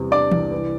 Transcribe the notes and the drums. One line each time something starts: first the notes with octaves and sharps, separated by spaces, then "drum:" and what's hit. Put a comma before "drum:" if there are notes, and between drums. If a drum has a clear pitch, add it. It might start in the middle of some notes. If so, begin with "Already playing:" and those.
Already playing: E2 C3 G3
D4 D5 D6
C2, drum: tom E3
E3